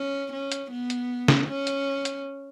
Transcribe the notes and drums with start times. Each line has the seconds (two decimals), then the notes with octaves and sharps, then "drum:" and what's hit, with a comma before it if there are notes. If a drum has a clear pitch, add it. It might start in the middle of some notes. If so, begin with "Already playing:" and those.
Already playing: C#4
0.32 C#4
0.52 drum: hi-hat
0.71 B3
0.90 drum: hi-hat
1.28 drum: snare
1.47 C#4
1.67 drum: hi-hat
2.05 drum: hi-hat